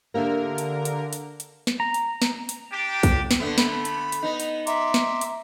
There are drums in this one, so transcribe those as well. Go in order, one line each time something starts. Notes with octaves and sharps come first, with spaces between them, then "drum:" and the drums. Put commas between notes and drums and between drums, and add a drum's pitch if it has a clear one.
D3 A#3 G4 A#4 E5
drum: hi-hat
drum: hi-hat
drum: hi-hat
drum: hi-hat
drum: snare
A#5
drum: hi-hat
drum: snare
drum: hi-hat
D4 G4
drum: kick B1, hi-hat
drum: snare
D3 A3 B3
B5, drum: snare
drum: hi-hat
drum: hi-hat
B3 D#4
drum: hi-hat
E5 A#5 C6 D6, drum: hi-hat
drum: snare
drum: hi-hat